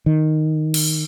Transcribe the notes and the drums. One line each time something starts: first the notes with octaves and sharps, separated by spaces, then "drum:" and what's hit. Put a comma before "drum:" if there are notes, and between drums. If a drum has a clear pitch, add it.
D#3
drum: cymbal